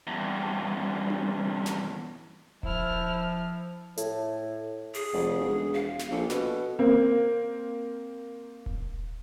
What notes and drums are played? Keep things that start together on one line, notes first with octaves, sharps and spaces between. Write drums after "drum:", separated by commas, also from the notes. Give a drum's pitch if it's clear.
E2 G2
drum: tom D4
drum: snare
F3 E4 F6, drum: kick D#1
A2, drum: hi-hat
G#4, drum: open hi-hat
F1
E1
F5
drum: snare
A#1 A4
B2, drum: snare
A#3 C4
drum: kick D#1